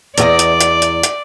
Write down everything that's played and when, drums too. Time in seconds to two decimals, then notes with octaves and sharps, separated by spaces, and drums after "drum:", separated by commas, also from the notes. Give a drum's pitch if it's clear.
0.18 E2 G4 D5 D#5, drum: hi-hat
0.39 drum: hi-hat
0.61 drum: hi-hat
0.82 drum: hi-hat
1.03 drum: hi-hat